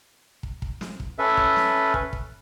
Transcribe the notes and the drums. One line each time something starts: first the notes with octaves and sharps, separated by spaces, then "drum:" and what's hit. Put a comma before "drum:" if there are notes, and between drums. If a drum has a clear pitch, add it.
drum: kick
drum: kick
drum: snare
drum: kick
C#4 A4 B4 E5
drum: kick
drum: snare
drum: kick
drum: kick